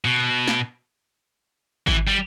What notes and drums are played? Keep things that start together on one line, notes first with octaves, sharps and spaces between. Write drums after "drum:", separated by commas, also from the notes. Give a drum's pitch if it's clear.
B2
drum: snare
E3, drum: kick G#1
G3